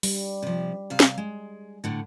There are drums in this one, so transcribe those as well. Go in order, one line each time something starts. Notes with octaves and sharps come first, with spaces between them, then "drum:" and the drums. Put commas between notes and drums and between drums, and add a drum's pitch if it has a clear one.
G3, drum: open hi-hat
C3 F3
C3 F5
drum: snare
G#3
A2 D3